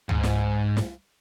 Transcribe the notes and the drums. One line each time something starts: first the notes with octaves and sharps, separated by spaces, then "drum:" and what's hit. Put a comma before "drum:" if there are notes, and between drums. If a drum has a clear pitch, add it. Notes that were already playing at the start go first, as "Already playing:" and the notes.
G#2, drum: tom
drum: snare
drum: snare